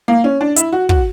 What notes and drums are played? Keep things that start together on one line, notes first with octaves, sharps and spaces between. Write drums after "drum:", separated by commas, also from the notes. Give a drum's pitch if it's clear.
A#3
C#4
D4
E4, drum: hi-hat
F#4
F#4, drum: kick